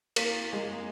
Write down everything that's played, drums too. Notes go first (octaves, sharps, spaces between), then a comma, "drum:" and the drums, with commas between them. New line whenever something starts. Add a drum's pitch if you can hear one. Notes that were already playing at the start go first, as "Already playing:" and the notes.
A#3, drum: cymbal
G#3